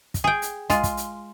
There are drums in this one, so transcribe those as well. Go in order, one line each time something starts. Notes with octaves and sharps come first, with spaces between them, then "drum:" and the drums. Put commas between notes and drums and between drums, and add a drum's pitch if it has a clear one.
drum: kick, hi-hat
G#4 G5
drum: hi-hat
G#3 F4, drum: kick, hi-hat
drum: kick, hi-hat
drum: hi-hat